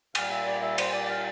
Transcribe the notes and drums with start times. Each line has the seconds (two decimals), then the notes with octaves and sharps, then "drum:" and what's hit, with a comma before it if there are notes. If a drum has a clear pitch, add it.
0.15 A#2 G3 F5, drum: cymbal
0.31 E5
0.47 D5
0.62 E5
0.78 C5, drum: cymbal
0.94 D5
1.09 F5